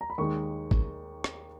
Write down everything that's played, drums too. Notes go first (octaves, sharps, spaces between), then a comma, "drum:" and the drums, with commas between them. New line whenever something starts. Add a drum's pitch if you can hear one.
A#5
B5
D#2 D#3 G#3 D#4 C#6
drum: kick
drum: rim click